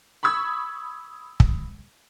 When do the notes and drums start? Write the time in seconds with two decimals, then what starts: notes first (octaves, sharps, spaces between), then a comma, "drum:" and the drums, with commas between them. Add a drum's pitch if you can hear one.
0.23 B5 C#6 D#6 E6 G#6
1.40 drum: kick